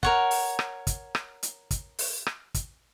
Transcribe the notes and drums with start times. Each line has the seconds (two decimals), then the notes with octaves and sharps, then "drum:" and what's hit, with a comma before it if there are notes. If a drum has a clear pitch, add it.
0.03 A#4 C#5 F#5, drum: kick
0.31 drum: open hi-hat
0.59 drum: rim click
0.87 drum: kick, hi-hat
1.15 drum: rim click
1.43 drum: hi-hat
1.71 drum: kick, hi-hat
1.99 drum: open hi-hat
2.26 drum: rim click
2.54 drum: kick, hi-hat